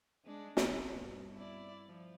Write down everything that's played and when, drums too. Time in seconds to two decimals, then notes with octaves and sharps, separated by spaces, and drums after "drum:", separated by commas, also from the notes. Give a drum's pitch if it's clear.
0.25 G#3 D4
0.57 B2 B3 C4, drum: snare
0.99 G2 B3
1.37 E4 D5
1.86 F3